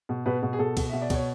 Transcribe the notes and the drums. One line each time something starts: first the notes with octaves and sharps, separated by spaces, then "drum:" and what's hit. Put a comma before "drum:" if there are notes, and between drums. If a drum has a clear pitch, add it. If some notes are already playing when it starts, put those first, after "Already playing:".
B2
B2 B4
B2
G#4
B2 A4
B2, drum: kick C#2, cymbal
B2 E5
D5
B2 C#5, drum: kick C#2, cymbal